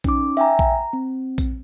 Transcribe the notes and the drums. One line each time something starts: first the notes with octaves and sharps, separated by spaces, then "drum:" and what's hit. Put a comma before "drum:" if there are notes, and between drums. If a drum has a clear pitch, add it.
C#4 D#4 D6, drum: kick A#1
E5 G5 G#5 A#5
A#5, drum: kick A#1
C4
drum: kick A#1, tambourine